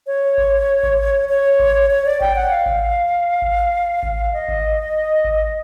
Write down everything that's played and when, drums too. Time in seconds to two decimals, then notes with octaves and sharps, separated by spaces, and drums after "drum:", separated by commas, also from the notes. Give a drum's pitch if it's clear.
0.07 C#5
0.38 drum: kick G#1
0.83 drum: kick G#1
1.29 C#5
1.60 drum: kick G#1
1.91 C#5
2.06 D5
2.21 G5, drum: kick G#1
2.36 F#5
2.50 F5
2.66 drum: kick G#1
3.42 drum: kick G#1
4.03 drum: kick G#1
4.33 D#5
4.49 drum: kick G#1
5.25 drum: kick G#1